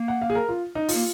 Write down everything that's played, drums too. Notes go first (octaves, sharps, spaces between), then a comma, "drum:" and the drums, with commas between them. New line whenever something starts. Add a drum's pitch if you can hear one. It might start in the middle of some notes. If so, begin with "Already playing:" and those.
Already playing: A#3
F#5
F5
G#4
A#4
F4
D#4
F4, drum: open hi-hat
A#3